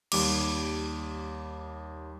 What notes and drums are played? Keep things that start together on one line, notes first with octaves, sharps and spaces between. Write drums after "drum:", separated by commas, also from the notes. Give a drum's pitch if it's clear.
D#2 G3 D6, drum: cymbal